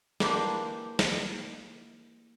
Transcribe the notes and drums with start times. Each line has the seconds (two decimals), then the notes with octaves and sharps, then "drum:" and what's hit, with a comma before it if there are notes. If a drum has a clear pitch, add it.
0.20 E3 A#3 D4 E4 G4 C5, drum: snare
0.99 drum: snare